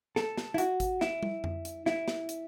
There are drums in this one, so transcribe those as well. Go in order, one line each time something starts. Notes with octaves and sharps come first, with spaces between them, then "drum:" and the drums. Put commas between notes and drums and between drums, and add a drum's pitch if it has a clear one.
A4, drum: snare
drum: snare
E4
F#4, drum: hi-hat
drum: kick G#1, hi-hat
E4, drum: snare
drum: tom
drum: tom F2
drum: hi-hat
E4, drum: snare
drum: snare
drum: hi-hat